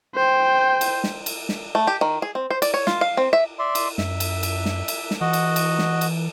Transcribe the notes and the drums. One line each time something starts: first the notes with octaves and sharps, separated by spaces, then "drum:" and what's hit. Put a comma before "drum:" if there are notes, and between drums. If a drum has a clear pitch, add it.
C5 G5
drum: cymbal
drum: snare
drum: cymbal
drum: snare
A3
G4
D#3
G#4
C4
C5
D5, drum: cymbal
C#5
F4, drum: snare
F5
C4
E5
D5 E5 C6
drum: cymbal
F#2 E5, drum: snare
drum: cymbal
drum: cymbal
drum: snare
drum: cymbal
drum: snare
E3 F#4 D#5 F#5
drum: cymbal
drum: cymbal
drum: snare
drum: cymbal